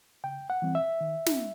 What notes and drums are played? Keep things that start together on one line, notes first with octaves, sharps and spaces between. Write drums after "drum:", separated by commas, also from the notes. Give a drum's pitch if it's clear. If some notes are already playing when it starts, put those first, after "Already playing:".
C#3 G5
F#5
E3 G3 C4
E5
D#3
drum: snare